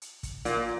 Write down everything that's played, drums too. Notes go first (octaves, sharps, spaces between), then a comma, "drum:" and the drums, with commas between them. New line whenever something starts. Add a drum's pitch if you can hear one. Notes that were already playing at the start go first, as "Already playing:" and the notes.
drum: hi-hat
drum: kick, hi-hat
A#2, drum: hi-hat